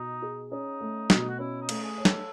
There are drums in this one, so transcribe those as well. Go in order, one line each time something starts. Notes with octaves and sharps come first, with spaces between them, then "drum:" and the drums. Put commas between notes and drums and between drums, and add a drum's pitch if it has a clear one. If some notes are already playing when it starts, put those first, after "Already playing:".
Already playing: B2 D#4
G#4
C#4 D#4
A3
B2, drum: snare
F#4
C#4 E4
D#4
A3, drum: cymbal
G#4
C#5
A4, drum: snare